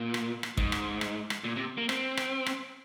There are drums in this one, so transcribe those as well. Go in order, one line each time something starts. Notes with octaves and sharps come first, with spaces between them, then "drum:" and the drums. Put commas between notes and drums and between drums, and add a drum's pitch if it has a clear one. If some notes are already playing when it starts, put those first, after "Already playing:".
Already playing: A#2
drum: rim click
drum: rim click
G#2, drum: kick
drum: rim click
drum: rim click
drum: rim click
A#2
C3
A#3
C4, drum: rim click
drum: rim click
drum: rim click